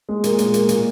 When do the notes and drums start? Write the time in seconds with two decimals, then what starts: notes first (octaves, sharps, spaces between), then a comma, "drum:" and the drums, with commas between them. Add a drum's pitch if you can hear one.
0.09 G#3
0.24 A#2, drum: hi-hat
0.38 G#3, drum: hi-hat
0.54 A#2, drum: hi-hat
0.69 A#2, drum: hi-hat